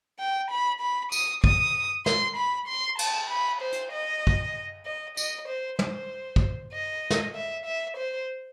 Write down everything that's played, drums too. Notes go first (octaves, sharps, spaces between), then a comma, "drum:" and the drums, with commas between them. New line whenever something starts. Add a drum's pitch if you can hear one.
G5
B5
B5
D#6, drum: tambourine
D#6, drum: kick
C6, drum: snare
B5
C6
A5, drum: cymbal
B5
C5
drum: hi-hat
D#5
drum: kick
D#5
D#5, drum: tambourine
C5
C5, drum: tom
drum: kick
D#5
drum: snare
E5
E5
C5